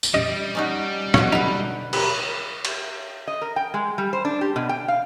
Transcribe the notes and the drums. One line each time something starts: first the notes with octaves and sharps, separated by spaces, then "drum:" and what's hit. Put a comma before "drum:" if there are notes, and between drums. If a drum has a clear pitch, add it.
drum: tambourine
G3 D5 D#5 D#6
C#4 D#4 F#4
B2 D3 F#3 F#4 C#5, drum: rim click
F#3 D4 D#4 B4
G4 A#4 B4, drum: cymbal
drum: cymbal
D#5
A#4
G5
G#3
G3
C5
D4
G4
B2
G5
F5